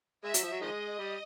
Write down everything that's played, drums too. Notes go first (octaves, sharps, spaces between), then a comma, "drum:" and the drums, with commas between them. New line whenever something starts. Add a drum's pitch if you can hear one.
G#3 E5
F#3, drum: hi-hat
F3
F#3
D#3 F3 G#3 D#5
G3